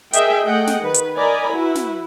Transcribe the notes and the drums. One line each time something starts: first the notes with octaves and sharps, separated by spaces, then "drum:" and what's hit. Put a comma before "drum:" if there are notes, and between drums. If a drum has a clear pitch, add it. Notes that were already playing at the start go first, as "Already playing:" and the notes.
G#4 A#4 D#5 E5 G5, drum: hi-hat
A3 G#4 D#5 F#5 G5
drum: snare
D#3 B4
drum: hi-hat
A#4 D5 D#5 G#5 A#5 B5
E4 F#4 B4
drum: snare